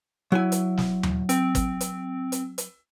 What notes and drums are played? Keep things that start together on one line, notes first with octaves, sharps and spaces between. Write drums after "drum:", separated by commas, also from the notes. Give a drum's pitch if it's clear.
F#3 E4 G#5
drum: hi-hat
drum: snare
drum: tom D#2
C4, drum: hi-hat
drum: kick, hi-hat
drum: hi-hat
drum: hi-hat
drum: hi-hat